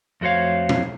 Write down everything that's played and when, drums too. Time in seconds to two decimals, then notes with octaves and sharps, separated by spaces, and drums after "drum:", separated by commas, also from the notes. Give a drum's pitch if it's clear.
0.21 F2 A3 F#4 C5 C#5 F5
0.69 drum: tom